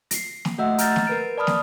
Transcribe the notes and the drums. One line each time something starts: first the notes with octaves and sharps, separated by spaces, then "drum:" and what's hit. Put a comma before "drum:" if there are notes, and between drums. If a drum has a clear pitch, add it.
A#6 C7, drum: hi-hat
drum: snare
A3 F#4 D#5 E5 F#5 E6
A#5 F6 G6 A6 A#6, drum: hi-hat
drum: snare
A#4 B4 D7
D5 A5 B5 D#6 F6
drum: snare